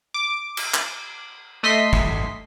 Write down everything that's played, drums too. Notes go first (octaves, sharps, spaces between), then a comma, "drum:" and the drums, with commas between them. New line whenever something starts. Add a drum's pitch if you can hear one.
D6
drum: cymbal
drum: clap
A3 D#5 C6 B6
drum: kick